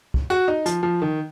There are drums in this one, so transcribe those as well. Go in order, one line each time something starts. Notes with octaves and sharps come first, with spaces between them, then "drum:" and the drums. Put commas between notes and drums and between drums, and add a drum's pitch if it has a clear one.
drum: kick
F#4
D#4
F3, drum: hi-hat
F3
D#3